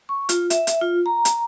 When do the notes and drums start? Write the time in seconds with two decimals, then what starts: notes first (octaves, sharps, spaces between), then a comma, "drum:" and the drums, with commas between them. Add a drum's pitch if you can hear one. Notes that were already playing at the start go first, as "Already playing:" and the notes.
0.09 C#6
0.29 F4, drum: hi-hat
0.50 E5, drum: hi-hat
0.67 drum: hi-hat
0.82 F4
1.06 A#5
1.25 drum: hi-hat